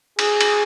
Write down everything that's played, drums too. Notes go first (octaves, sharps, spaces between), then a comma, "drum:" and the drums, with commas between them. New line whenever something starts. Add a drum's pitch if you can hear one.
G#4, drum: cymbal
drum: cymbal